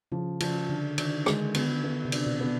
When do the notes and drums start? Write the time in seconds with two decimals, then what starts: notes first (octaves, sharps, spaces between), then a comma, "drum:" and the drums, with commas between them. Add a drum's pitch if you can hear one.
0.12 C#3 F3
0.40 C#3 F3, drum: cymbal
0.69 D3 D4
0.98 D#3 D4, drum: cymbal
1.26 D3 G#3, drum: rim click
1.54 D3 B3, drum: cymbal
1.84 B3
2.05 C3
2.12 D4, drum: cymbal
2.26 B2
2.41 B3